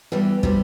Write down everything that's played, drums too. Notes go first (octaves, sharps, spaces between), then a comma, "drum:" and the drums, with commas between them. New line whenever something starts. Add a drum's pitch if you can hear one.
E2 E3 G3
C3 E3 G3, drum: kick